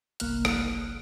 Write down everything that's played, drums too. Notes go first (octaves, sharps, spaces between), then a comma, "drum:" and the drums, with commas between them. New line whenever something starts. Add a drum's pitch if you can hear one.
G1 C2 A#3 F6 F#6, drum: hi-hat
drum: rim click